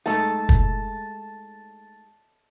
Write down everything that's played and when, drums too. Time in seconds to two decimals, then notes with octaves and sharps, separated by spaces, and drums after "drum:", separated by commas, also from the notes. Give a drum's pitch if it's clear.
0.06 G#3 A3 D#4 A5
0.49 drum: kick